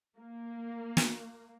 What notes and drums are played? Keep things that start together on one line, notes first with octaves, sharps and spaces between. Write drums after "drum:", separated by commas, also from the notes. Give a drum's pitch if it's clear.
A#3
drum: snare